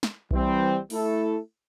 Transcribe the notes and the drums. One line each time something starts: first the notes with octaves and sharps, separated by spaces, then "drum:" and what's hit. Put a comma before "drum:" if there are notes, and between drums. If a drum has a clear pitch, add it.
drum: snare
E3 G3 C4, drum: kick B1
A3 E4 A4, drum: open hi-hat